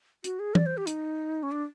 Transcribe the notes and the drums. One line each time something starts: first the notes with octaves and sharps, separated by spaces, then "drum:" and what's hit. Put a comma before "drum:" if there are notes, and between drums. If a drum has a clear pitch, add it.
F#4, drum: hi-hat
G#4
D5, drum: tom
C5
G4
D#4, drum: hi-hat
C#4
D4